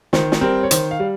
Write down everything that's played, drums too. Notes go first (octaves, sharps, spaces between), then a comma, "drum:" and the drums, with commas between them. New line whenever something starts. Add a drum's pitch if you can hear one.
D#3 C5, drum: snare
drum: snare
G3 C4 A#4
C#5
D#3 C5, drum: hi-hat
F5
G3